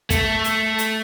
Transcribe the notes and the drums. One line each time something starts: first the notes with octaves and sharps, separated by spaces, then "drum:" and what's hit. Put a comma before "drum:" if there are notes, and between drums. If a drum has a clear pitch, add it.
A3, drum: kick, hi-hat
drum: hi-hat
drum: hi-hat